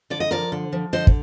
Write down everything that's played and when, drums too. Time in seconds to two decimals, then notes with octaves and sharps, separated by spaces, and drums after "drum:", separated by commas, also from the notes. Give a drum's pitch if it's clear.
0.10 D3 D5
0.20 D#5
0.31 F3 A#4 D5
0.52 D3
0.73 F3
0.93 D3 C5 D#5
1.07 drum: kick